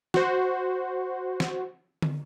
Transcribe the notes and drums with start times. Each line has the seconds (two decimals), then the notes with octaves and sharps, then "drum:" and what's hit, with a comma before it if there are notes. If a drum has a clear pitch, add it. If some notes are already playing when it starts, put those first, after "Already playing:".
0.14 F#4 C5, drum: snare
1.40 drum: snare
2.02 drum: tom